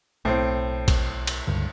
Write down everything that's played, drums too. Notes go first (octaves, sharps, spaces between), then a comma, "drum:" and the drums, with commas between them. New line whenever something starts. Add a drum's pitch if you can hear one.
B1 A2 C4
drum: kick A#1, cymbal
drum: cymbal
C#2 G2 D3